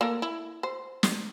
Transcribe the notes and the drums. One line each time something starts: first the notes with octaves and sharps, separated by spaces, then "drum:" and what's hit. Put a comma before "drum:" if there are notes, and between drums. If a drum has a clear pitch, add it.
A#3 A4 A#4
E4
C5
drum: snare